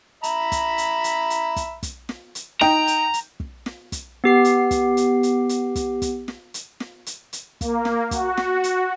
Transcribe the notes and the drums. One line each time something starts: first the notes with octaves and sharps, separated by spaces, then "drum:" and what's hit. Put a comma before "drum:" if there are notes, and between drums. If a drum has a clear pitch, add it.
E5 A#5 B5, drum: hi-hat
drum: kick, hi-hat
drum: hi-hat
drum: hi-hat
drum: hi-hat
drum: kick, hi-hat
drum: kick, hi-hat
drum: snare
drum: hi-hat
D#4 G5 A#5, drum: snare
drum: hi-hat
drum: hi-hat
drum: kick
drum: snare
drum: kick, hi-hat
B3 G4 C7
drum: hi-hat
drum: kick, hi-hat
drum: hi-hat
drum: hi-hat
drum: hi-hat
drum: kick, hi-hat
drum: kick, hi-hat
drum: snare
drum: hi-hat
drum: snare
drum: hi-hat
drum: hi-hat
A#3, drum: kick, hi-hat
drum: snare
F#4, drum: kick, hi-hat
drum: snare
drum: hi-hat